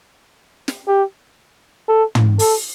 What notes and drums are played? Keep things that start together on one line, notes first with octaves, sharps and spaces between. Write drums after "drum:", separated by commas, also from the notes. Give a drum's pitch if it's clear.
drum: snare
G4
A4
drum: tom
A4, drum: open hi-hat